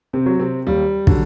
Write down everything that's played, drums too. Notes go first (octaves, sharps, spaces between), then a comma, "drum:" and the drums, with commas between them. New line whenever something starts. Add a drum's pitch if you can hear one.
C3 C4
F#3
C3 C4
D#2 G3
D3 F#3, drum: kick